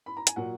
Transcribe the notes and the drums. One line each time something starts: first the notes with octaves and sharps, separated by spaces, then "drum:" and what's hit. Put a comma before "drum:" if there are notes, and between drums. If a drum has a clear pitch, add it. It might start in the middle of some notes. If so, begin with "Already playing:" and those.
B5
A#5
G#5, drum: hi-hat
A#2 F#3 F#5